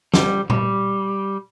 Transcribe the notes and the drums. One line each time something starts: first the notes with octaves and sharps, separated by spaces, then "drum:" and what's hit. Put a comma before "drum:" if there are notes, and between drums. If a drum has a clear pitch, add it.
G3, drum: snare
G3, drum: tom A#2